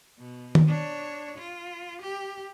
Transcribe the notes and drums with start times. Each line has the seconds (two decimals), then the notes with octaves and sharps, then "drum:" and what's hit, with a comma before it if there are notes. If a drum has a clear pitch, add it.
0.19 B2
0.55 drum: tom D#3
0.67 D4 C#5
1.38 F4
2.02 G4